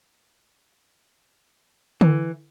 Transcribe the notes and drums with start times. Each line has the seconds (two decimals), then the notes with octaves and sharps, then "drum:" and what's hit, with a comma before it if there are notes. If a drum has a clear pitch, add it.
2.01 E3, drum: tom D3